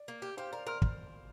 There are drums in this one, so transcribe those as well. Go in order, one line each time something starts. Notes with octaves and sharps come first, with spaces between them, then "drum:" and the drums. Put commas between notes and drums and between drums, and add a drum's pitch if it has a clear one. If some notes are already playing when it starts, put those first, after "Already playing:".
Already playing: D5
A#3
G4
G4 C5 F5
A#4 D5
A#4 C6 F6
drum: kick